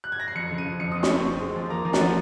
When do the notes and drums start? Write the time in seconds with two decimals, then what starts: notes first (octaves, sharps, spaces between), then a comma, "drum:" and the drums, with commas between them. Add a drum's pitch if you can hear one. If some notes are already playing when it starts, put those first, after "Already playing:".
0.04 F#6
0.12 G#6
0.20 A#6
0.28 C7
0.35 F2 C#7
0.51 C#3
0.58 D#7
0.65 F3
0.80 F2 C#7
0.92 D#6
0.95 C4
1.03 C#6, drum: snare
1.10 C4 C6
1.26 C4
1.40 G#3
1.55 F3
1.70 A#3 A#5
1.85 F3
1.93 F#5, drum: snare
2.00 F3